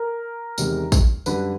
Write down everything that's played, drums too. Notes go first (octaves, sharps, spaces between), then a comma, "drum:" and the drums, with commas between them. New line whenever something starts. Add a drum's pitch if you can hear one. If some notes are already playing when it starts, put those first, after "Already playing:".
Already playing: A#4
E2 C3 D#3 G#3, drum: tambourine
drum: kick, tambourine
F#2 D3 G3 B4, drum: tambourine